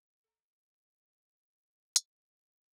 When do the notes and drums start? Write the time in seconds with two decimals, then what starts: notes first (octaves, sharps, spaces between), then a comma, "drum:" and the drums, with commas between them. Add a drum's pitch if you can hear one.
0.23 A4 A#5
1.96 drum: hi-hat